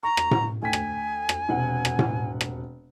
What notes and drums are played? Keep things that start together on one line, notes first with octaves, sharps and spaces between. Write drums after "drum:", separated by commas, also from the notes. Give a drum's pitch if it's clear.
A#5 C#6
drum: rim click
drum: tom A2
D2 G5 G#5 B6
drum: rim click
drum: rim click
E1 C3 F#5
drum: rim click
drum: tom A2
drum: rim click